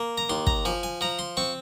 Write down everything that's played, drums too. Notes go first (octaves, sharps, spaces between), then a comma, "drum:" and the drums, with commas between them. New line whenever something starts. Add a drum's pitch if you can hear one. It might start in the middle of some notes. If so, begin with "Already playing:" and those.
Already playing: A#3
A#5
D#2 C6
A#5, drum: kick
F3 G#5
G#5
F3 A#5
C6
C4 C#6